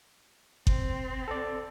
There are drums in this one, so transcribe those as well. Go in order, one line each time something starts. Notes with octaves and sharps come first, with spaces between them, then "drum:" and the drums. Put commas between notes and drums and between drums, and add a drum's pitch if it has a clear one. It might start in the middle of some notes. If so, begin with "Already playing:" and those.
C4, drum: kick G1
A4 D5